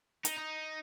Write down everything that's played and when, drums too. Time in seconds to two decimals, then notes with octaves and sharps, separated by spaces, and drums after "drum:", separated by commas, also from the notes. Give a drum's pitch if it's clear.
0.25 D#4, drum: hi-hat
0.38 D#4